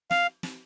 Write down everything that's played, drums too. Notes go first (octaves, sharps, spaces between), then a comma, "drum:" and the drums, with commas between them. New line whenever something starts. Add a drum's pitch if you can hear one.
F5, drum: snare
drum: snare